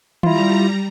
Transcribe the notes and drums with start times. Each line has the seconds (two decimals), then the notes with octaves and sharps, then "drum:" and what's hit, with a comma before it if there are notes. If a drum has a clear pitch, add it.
0.23 G3 E4 F4 A#5, drum: tom D#3